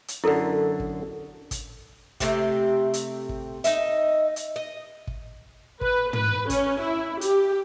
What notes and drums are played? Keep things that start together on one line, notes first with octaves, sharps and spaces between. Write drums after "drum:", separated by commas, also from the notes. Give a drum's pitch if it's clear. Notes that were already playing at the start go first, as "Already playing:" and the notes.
drum: hi-hat
F#2 D3 E4 A4 A#4
drum: kick
drum: kick, hi-hat
C3 A3 C4 G4, drum: kick, hi-hat
drum: hi-hat
drum: kick
D#4 D#5 E5, drum: hi-hat
drum: hi-hat
D#5
drum: kick
B4, drum: kick
B4, drum: tom
C#4, drum: kick, hi-hat
E4
G4, drum: hi-hat